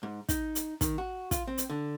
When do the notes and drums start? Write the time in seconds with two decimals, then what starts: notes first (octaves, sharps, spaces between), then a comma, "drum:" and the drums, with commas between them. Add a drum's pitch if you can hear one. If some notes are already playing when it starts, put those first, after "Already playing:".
0.03 G#2
0.29 D#4, drum: kick, hi-hat
0.55 drum: hi-hat
0.81 D#3, drum: kick, hi-hat
0.98 F#4
1.31 F4, drum: kick, hi-hat
1.47 C4
1.58 drum: hi-hat
1.70 D3